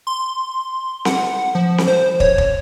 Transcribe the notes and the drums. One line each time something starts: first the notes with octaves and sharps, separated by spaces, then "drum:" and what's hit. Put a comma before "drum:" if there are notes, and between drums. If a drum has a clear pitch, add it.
C6
F#5, drum: snare C4
F3
drum: snare C4
C5
C#5, drum: kick
drum: kick